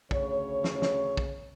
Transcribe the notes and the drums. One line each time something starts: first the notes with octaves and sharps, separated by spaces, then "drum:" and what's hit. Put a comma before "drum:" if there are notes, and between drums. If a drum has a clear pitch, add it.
D2 C#3 C#5, drum: kick A#1
drum: snare
drum: snare
drum: kick A#1